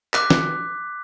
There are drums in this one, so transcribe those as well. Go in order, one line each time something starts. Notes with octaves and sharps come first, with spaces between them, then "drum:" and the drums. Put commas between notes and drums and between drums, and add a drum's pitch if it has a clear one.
D6 F#6 B6, drum: clap
drum: snare